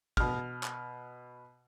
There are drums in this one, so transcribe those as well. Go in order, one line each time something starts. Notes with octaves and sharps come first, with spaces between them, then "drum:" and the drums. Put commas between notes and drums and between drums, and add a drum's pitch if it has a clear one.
B2 F6, drum: kick
drum: clap